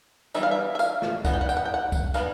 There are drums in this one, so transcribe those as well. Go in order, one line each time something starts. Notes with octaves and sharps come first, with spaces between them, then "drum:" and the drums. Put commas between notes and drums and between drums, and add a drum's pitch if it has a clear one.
E3 G3 B3 D#4 E5, drum: tambourine
F5
E5
E5
F5, drum: tambourine
drum: snare
E3 G3 B3 D#4 F#5, drum: kick, tambourine
G5
F#5
G5, drum: tambourine
F#5
G5
F#5
drum: kick, tambourine
E3 G3 B3 D#4 F5, drum: tambourine